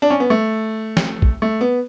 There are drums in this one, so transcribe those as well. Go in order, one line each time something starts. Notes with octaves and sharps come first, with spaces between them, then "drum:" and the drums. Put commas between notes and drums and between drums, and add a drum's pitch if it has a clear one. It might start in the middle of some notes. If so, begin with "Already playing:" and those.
D4
C#4
B3
A3
drum: snare
drum: kick
A3
B3